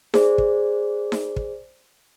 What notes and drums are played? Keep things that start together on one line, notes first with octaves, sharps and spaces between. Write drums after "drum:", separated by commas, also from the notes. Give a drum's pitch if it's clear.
G#4 C5 D5, drum: snare D#4
drum: kick
drum: snare D#4
drum: kick